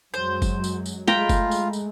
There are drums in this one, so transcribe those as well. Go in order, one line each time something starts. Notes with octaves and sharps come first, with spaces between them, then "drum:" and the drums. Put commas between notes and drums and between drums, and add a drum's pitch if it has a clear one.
F#2 F#3 G#3 C5
drum: kick F#1, tambourine
drum: tambourine
drum: tambourine
G#3 A3 F4 G5 A#5 B5, drum: snare
drum: kick F#1, tambourine
drum: tambourine
drum: tambourine